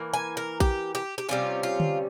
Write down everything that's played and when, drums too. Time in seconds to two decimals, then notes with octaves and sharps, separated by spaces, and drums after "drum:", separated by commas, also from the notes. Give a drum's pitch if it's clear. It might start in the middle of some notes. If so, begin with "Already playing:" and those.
Already playing: E3 A#3
0.13 G#5
0.37 A#4
0.60 G4, drum: kick A#1
0.95 G4
1.18 G4
1.29 C3 G3 C#4 F4
1.63 F4
1.80 drum: tom D3